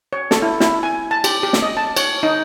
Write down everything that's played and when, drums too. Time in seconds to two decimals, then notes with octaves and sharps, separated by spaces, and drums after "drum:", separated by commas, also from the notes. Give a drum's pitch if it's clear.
0.13 C#5
0.31 A4, drum: snare
0.42 E4
0.60 E4, drum: snare
0.83 G#5
1.11 A5
1.24 G4, drum: cymbal
1.43 G4
1.53 drum: snare
1.62 D#5
1.77 A5
1.97 C#5, drum: cymbal
2.23 D#4